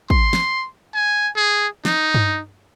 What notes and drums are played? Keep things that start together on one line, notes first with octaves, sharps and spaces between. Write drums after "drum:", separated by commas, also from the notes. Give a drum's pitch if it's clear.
C6, drum: kick
drum: snare
G#5
G#4
D#4, drum: snare
drum: tom G2